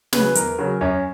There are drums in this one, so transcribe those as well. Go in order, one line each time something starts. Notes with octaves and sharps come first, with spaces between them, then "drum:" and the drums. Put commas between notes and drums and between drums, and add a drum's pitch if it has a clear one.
C#3 F#3 B4, drum: snare
E2 A#4, drum: hi-hat
C#3 F#3
F#2 C#4